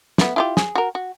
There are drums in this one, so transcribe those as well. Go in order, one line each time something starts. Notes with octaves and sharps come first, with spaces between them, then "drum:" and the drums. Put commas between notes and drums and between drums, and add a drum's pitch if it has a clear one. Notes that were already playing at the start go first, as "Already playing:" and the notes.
A3 B3, drum: snare
E4 F4 G4
G#4, drum: snare
F#4 A#4
F#4